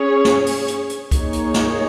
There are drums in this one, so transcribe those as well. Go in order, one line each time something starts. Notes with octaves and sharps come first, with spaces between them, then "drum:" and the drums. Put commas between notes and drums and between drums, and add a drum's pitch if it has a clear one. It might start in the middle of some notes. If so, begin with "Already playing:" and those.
Already playing: C#4 G#4 C#5
drum: snare
drum: open hi-hat
drum: hi-hat
drum: hi-hat
A#3 D#4 G#4 C#5, drum: kick C2, hi-hat
drum: hi-hat
drum: snare